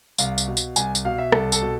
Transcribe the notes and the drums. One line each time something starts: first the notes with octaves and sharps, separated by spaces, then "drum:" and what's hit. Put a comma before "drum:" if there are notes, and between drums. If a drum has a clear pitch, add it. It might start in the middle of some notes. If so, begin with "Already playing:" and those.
C2 F5, drum: tambourine
drum: tambourine
B2
drum: tambourine
C2 G#5, drum: tambourine
drum: tambourine
B2 F5
E5
C2 A4, drum: rim click
A4, drum: tambourine
B2